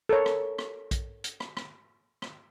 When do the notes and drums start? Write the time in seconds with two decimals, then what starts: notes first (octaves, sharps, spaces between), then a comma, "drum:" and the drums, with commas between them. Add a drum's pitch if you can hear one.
0.09 A4 A#4 C#5
0.26 drum: rim click
0.58 drum: rim click
0.91 drum: kick A#1, hi-hat
1.24 drum: hi-hat
1.40 drum: rim click
1.57 drum: rim click
2.22 drum: rim click